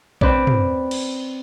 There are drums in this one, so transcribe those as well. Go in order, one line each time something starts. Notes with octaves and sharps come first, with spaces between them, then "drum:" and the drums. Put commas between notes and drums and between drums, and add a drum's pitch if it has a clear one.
C4 B4 D5, drum: kick A#1
drum: tom
drum: cymbal